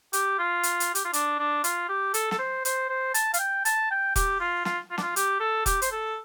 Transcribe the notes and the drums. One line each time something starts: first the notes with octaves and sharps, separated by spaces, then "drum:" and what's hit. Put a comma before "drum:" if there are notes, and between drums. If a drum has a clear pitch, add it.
G4, drum: hi-hat
F4
drum: hi-hat
drum: hi-hat
G4, drum: hi-hat
F4
D4, drum: hi-hat
D4
F4, drum: hi-hat
G4
A4, drum: hi-hat
A4, drum: snare
C5
C5, drum: hi-hat
C5
A5, drum: hi-hat
F5, drum: hi-hat
G5
A5, drum: hi-hat
G5
G4, drum: kick E1, hi-hat
F4
F4, drum: snare
F4
D4, drum: snare
F4
G4, drum: hi-hat
A4
G4, drum: kick E1, hi-hat
C5, drum: hi-hat
A4